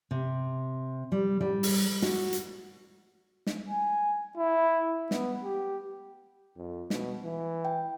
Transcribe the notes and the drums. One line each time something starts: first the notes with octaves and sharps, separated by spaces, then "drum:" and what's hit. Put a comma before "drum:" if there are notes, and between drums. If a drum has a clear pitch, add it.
C3
G3
G3, drum: tom A2
drum: open hi-hat
F#4, drum: snare
drum: hi-hat
drum: snare
G#5
E4
B3, drum: snare
G4
F2
B2, drum: snare
E3
G5